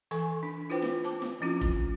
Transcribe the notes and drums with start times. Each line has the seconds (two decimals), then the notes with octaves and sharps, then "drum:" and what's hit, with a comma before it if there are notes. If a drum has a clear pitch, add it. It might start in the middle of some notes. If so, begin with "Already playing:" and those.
0.11 E3 A4 G#5 C#6
0.43 D4
0.70 E4 F4 B4 C5 G5
0.82 drum: snare
1.04 C5 A5 D6
1.22 drum: snare
1.41 F3 C4 C#4 E4 F4
1.61 drum: kick F1